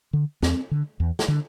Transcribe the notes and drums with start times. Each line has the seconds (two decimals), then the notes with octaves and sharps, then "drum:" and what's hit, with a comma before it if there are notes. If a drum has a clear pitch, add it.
0.13 D3
0.42 E2 C4, drum: snare
0.71 D3
1.00 E2
1.19 drum: snare
1.28 D3